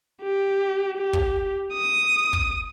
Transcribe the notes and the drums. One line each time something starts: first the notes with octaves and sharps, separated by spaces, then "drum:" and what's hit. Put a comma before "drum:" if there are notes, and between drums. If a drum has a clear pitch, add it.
G4
G4
drum: kick
D#6
drum: kick